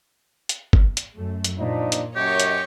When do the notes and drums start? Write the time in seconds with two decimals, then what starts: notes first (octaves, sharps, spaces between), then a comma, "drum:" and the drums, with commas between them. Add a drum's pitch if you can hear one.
0.49 drum: hi-hat
0.73 drum: kick
0.97 drum: hi-hat
1.17 F#2 A3
1.44 drum: hi-hat
1.58 A#2 F3 D4 D#4
1.92 drum: hi-hat
2.16 F#2 G4 C#5 D#5 C#6
2.40 drum: hi-hat